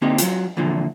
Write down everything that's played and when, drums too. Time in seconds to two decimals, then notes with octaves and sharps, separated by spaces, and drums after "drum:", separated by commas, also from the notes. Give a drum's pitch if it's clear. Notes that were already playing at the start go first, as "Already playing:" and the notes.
0.02 D3 A#3 C4 D#4 G4
0.18 F#3 F4, drum: hi-hat
0.57 E2 A#2 D3 F3